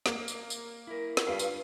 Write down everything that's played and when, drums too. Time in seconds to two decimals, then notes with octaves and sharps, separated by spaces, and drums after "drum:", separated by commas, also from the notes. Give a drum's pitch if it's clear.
0.06 A#3, drum: snare
0.28 drum: tambourine
0.50 drum: tambourine
0.87 E4 A#4
1.17 drum: snare
1.27 G2 D4 F4 B4 F5
1.39 drum: tambourine